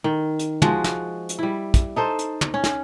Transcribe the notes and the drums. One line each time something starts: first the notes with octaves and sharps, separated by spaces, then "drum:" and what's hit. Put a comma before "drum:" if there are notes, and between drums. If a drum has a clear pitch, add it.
D#3
drum: hi-hat
F3 G#3 F#4, drum: tom
drum: snare
drum: hi-hat
G3 E4
drum: kick, hi-hat
D#4 A4 C5
drum: hi-hat
drum: tom
C#4
drum: snare